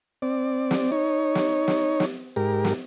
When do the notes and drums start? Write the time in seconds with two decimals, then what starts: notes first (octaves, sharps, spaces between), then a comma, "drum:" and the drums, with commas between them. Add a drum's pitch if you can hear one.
0.22 C4 D5
0.71 drum: snare
0.92 D#4 C#5
1.35 drum: snare
1.68 drum: snare
2.00 drum: snare
2.36 G#2 G4 A#4
2.65 drum: snare